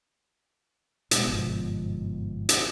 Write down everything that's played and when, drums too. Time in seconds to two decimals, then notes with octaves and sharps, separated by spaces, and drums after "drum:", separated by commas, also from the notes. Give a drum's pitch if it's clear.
1.11 B2 G#3 B3, drum: hi-hat
1.27 G1 G#2 B2 F3
2.49 drum: hi-hat